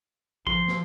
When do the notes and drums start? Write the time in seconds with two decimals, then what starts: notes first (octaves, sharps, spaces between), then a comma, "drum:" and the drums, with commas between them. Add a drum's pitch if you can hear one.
0.47 F3 C6, drum: kick A1
0.68 drum: snare